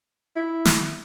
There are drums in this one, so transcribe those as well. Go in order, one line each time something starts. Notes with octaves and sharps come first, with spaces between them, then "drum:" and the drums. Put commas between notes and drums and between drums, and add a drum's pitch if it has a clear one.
E4
drum: snare